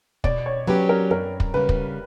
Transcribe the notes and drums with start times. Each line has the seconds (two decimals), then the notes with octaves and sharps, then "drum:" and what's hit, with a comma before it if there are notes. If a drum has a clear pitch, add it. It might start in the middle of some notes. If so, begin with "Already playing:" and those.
0.24 B2 D5, drum: kick
0.46 C#5
0.67 F#3 C#4 G4 B4
0.89 A#4
1.11 F#2 A#4
1.40 drum: kick
1.54 C#3 G3 B4
1.69 drum: kick